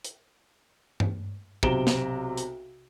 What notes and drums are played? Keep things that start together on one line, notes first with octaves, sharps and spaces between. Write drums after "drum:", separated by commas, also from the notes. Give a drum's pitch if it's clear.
drum: hi-hat
drum: tom G2
B1 C3 A#5 D7 E7 G7, drum: kick
drum: snare
drum: hi-hat